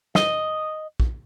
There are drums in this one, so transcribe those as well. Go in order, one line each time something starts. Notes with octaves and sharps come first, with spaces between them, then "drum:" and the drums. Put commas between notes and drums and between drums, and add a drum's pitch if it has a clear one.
D#5, drum: snare
drum: kick